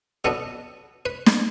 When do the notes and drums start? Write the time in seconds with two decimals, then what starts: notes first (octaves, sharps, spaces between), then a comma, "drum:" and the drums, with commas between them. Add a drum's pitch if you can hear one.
0.25 B2 F#3 B3 D4 A4
1.06 B4
1.26 drum: snare